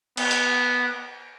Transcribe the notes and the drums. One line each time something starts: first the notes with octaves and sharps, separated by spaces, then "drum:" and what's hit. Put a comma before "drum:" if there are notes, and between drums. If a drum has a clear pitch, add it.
B3, drum: cymbal
drum: hi-hat